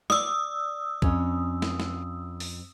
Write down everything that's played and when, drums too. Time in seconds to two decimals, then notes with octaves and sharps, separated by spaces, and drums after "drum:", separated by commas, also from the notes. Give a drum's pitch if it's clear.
0.10 D5 D#6 E6, drum: snare
1.02 F2 C#4, drum: kick
1.62 drum: snare
1.80 drum: snare
2.40 drum: open hi-hat